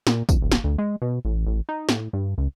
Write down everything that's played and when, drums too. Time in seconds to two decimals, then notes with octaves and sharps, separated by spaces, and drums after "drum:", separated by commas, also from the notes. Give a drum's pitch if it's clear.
0.07 A#2, drum: snare
0.29 D#1, drum: kick, tambourine
0.42 D1
0.52 drum: snare
0.64 D2
0.78 G#3
1.02 B2
1.25 A1
1.46 A1
1.69 D#4
1.89 A2, drum: snare
2.13 G2
2.38 C#2